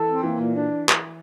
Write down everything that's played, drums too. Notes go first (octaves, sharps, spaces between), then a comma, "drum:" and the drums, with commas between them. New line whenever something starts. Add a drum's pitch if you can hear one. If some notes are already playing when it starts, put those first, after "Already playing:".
Already playing: E3 A4
C4
E3 A#3
A#2
D4
drum: clap